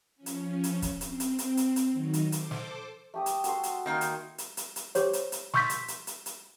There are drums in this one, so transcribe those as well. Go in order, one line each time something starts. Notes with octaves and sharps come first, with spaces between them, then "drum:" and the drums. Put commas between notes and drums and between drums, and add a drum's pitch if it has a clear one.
F3 C#4
drum: hi-hat
drum: hi-hat
drum: kick, hi-hat
C4, drum: hi-hat
drum: hi-hat
drum: hi-hat
drum: hi-hat
drum: hi-hat
D#3 F#3 D#4
drum: hi-hat
A4 C5 D6, drum: hi-hat
drum: snare
A3 G4 D#6
drum: hi-hat
F#4 A4 C6, drum: hi-hat
drum: hi-hat
D#3 A#3 G5
drum: hi-hat
drum: hi-hat
drum: hi-hat
drum: hi-hat
G4 C5 C#5, drum: hi-hat
drum: hi-hat
drum: hi-hat
C6 C#6 E6 G6 A6 B6, drum: snare
drum: hi-hat
drum: hi-hat
drum: hi-hat
drum: hi-hat